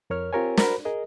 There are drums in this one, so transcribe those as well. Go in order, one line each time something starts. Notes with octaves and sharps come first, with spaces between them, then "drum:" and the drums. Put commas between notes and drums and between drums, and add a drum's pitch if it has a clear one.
F2 A#4 C#5 F6
C4 F4 G4 A#4 C#5 G#5
F#4 A#4 C5 B5, drum: snare
G#4 A#4 D#5